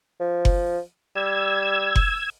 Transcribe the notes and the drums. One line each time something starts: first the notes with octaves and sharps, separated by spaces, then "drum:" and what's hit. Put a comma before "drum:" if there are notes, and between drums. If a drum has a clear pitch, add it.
F3
drum: kick F#1
G3 E6 G#6
drum: kick F#1